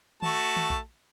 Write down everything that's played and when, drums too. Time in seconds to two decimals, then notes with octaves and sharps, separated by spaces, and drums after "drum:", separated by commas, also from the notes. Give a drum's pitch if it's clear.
0.22 A3 F#4 A5, drum: tom D#3
0.57 drum: tom D#3
0.70 drum: kick A#1